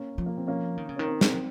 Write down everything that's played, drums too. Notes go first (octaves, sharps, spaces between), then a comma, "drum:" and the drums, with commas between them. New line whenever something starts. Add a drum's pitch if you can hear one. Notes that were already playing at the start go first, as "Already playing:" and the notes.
Already playing: A#3 C#4
F3
A#3
C4
A#3 C#4
D#3
C#3
D#3 C#4
C4
C4, drum: snare